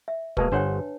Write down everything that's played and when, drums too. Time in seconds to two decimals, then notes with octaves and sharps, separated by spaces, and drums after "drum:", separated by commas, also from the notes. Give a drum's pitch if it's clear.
0.08 E5
0.37 B2 G#3 A#3 B4 A5, drum: kick
0.52 G1 D4 C5 C#5 F#5 G5